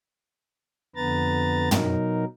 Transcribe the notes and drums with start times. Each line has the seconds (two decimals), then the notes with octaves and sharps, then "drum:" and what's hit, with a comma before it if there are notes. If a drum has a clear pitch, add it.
0.95 F2 D3 B3 B4 A#5 A6
1.71 B2 F#3 D#4 A#4, drum: tom